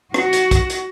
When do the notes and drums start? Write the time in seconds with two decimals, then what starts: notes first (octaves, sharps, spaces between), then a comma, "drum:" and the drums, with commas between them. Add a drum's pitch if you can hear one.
0.14 F#4, drum: rim click
0.33 drum: hi-hat
0.51 drum: kick, hi-hat
0.70 drum: hi-hat